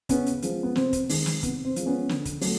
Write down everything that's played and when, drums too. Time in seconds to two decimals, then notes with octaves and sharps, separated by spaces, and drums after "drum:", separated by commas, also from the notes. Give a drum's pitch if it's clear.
0.09 C#3 B3 C#4, drum: kick, hi-hat
0.26 drum: hi-hat
0.42 F3 G#3, drum: hi-hat
0.63 B3
0.76 C3 C4, drum: snare
0.93 drum: kick, hi-hat
1.09 D#3 G#3, drum: open hi-hat
1.26 drum: snare
1.43 C3 B3, drum: kick, hi-hat
1.65 C4
1.76 F3 G#3, drum: hi-hat
1.86 B3 C#4
2.09 D3, drum: snare
2.25 drum: kick, hi-hat
2.41 F#3 A3, drum: open hi-hat